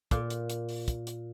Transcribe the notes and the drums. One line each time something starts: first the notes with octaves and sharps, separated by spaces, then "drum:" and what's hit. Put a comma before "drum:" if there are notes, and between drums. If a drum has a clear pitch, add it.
A#2, drum: kick, hi-hat
drum: hi-hat
drum: hi-hat
drum: open hi-hat
drum: kick, hi-hat
drum: hi-hat